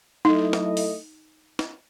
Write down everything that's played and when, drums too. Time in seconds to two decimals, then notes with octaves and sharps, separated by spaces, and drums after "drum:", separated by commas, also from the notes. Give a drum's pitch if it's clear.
0.25 F#3 A3 D#4 E4 A4 D#5
0.53 drum: snare
0.77 drum: open hi-hat
1.59 drum: snare